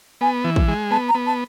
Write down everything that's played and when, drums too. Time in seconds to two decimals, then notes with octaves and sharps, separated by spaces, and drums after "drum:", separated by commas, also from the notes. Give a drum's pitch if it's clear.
0.21 B3 G#5
0.44 E3
0.56 drum: kick
0.68 G#3
0.91 B3 A5
1.09 A#5
1.15 B3
1.27 A5